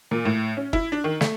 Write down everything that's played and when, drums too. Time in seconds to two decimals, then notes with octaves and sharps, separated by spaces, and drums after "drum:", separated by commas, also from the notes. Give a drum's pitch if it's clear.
0.11 A#2
0.25 A2
0.57 C#4
0.73 E4, drum: kick
0.92 D4
1.04 D#3
1.21 A3, drum: snare